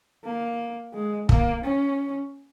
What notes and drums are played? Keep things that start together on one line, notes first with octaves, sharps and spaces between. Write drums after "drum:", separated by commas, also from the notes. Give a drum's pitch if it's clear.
A#3
G#3
A#3, drum: kick
C#4